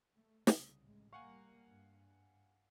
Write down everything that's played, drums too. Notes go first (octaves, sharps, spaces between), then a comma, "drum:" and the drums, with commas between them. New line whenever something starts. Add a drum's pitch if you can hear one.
A3
C2 C#3 D#6, drum: snare
A1 G#3
G3 A#3 F5 F#5 G#5 C#6
G2